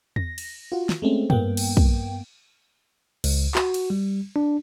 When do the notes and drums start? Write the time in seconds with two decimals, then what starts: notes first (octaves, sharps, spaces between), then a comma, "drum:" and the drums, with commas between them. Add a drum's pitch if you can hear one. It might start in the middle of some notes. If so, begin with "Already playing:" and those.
0.16 A#6, drum: tom E2
0.38 drum: cymbal
0.72 F4 F#4
0.89 drum: snare
1.02 G#3 A3 C4 C#4
1.30 G2 A#3 B3 G5, drum: tom G#2
1.57 drum: cymbal
1.77 drum: kick
3.24 C#2, drum: cymbal
3.55 F#4, drum: clap
3.74 drum: cymbal
3.90 G3
4.36 D4